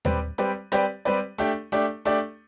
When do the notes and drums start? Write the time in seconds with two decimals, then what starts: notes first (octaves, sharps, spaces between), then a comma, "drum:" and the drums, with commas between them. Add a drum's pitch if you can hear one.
0.05 G3 C4 G4 B4 D5, drum: tom D#2
0.38 G3 C4 G4 B4 D5, drum: hi-hat
0.72 G3 C4 G4 B4 D5, drum: rim click
1.05 G3 C4 G4 B4 D5, drum: hi-hat
1.38 A3 D4 G4 D5, drum: hi-hat
1.72 A3 D4 G4 D5, drum: hi-hat
2.05 A3 D4 G4 D5, drum: hi-hat